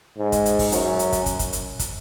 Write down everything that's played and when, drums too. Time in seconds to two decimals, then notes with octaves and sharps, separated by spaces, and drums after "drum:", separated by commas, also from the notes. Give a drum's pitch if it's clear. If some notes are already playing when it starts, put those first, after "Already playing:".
0.18 G#2
0.32 drum: kick, hi-hat
0.46 drum: hi-hat
0.59 drum: kick, open hi-hat
0.72 F#2, drum: hi-hat
0.99 drum: hi-hat
1.13 drum: kick, hi-hat
1.26 drum: kick, hi-hat
1.39 drum: kick, hi-hat
1.53 drum: hi-hat
1.79 drum: kick, hi-hat